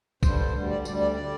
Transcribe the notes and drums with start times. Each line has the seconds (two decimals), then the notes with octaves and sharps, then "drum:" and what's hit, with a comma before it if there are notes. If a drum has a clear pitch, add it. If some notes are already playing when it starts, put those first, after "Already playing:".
0.23 G2 D3 G3 C5, drum: kick, tambourine
0.39 C5
0.55 D2 D3 G3
0.71 D5
0.85 D2 D3 G3 D5, drum: tambourine
1.00 D5
1.14 D5
1.20 D3 G3